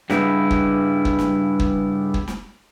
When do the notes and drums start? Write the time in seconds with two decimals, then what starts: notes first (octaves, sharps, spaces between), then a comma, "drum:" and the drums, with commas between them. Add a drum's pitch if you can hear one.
0.10 G2 C#3 G3 B3 D#4 E4, drum: snare
0.51 drum: kick
1.05 drum: kick
1.19 drum: snare
1.59 drum: kick
2.14 drum: kick
2.28 drum: snare